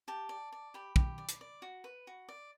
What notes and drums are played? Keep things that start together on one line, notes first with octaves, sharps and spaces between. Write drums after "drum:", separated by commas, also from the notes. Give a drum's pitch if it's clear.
G4 A5
D5
D5
G4 B5
G4, drum: kick
D5
drum: hi-hat
D5
F#4
B4
F#4
D5